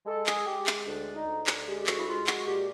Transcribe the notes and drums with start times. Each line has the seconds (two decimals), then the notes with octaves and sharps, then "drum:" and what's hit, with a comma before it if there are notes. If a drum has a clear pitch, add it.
0.06 G#3 A4
0.26 G#4, drum: clap
0.46 G#3 G4
0.66 drum: clap
0.86 D2 D4
1.14 D#4
1.27 D2
1.47 drum: clap
1.66 G#3 G4
1.78 G4
1.86 F#4, drum: clap
1.98 E4
2.07 G#3 F4
2.27 F#4, drum: clap
2.47 A#2 G4